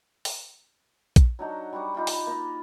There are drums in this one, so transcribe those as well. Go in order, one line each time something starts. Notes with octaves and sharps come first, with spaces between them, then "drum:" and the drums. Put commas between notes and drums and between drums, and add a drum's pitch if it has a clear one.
drum: open hi-hat
drum: kick A#1, hi-hat
F#3 D4 D#4 F#4
G3 F#4 C#6 D6
D#4 F4 B5 D6
drum: open hi-hat
A#3 D#4